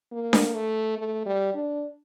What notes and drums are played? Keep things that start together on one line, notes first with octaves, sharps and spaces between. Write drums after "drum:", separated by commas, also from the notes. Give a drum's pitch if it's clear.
A#3
drum: snare D4
A3
A3
G3
D4